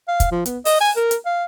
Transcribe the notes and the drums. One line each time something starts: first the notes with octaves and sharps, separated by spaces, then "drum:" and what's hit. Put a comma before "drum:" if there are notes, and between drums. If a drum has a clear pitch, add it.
F5
drum: kick, hi-hat
F3
B3, drum: hi-hat
D#5, drum: open hi-hat
G#5
A#4
drum: hi-hat
F5